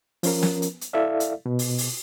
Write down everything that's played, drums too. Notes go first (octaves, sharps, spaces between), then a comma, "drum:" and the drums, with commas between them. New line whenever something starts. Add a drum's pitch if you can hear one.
F3 C#4 A#4, drum: open hi-hat
drum: snare
drum: hi-hat
drum: hi-hat
E4 A4 D5 E5 F5
drum: hi-hat
B2
drum: open hi-hat
drum: open hi-hat